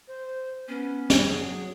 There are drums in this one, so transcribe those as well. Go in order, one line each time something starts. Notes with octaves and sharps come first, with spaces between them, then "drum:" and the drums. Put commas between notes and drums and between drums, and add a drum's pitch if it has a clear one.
C5
B3 C#4
G3, drum: snare
F#3 G#4